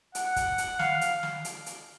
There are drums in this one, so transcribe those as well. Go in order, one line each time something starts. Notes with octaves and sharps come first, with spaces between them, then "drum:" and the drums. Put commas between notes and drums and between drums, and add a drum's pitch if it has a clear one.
F#5, drum: hi-hat
drum: kick, hi-hat
drum: hi-hat
F5, drum: snare
drum: hi-hat
drum: snare
drum: hi-hat
drum: hi-hat